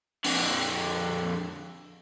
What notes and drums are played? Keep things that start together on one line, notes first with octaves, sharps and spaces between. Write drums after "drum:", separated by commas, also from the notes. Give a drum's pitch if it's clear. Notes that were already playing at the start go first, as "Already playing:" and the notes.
F2 D3, drum: open hi-hat